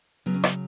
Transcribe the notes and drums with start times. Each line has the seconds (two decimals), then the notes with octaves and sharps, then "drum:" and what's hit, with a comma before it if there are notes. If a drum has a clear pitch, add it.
0.26 C#3 F#3 B3
0.34 C#4
0.43 B3, drum: rim click